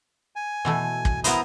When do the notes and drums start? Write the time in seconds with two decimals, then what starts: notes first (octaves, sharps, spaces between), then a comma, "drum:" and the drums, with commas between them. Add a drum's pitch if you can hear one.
0.36 G#5
0.65 B2 E3 A3
1.05 drum: kick
1.24 B3 E4 A#4 C5 A#5 D#6, drum: hi-hat